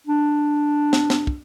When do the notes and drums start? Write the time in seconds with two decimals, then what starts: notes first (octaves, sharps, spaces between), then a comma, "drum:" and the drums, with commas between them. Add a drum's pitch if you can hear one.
0.07 D4
0.93 drum: snare
1.10 drum: snare
1.27 drum: kick